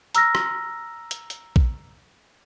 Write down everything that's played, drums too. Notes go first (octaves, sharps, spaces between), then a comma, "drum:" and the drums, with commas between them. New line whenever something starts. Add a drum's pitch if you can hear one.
A#5 E6 F6 A#6, drum: hi-hat
drum: rim click
drum: hi-hat
drum: hi-hat
drum: kick A#1